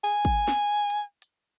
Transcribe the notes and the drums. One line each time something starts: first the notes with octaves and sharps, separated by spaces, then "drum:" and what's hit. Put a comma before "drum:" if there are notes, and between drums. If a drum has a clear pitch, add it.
G#5, drum: hi-hat
drum: kick
drum: snare
drum: hi-hat
drum: hi-hat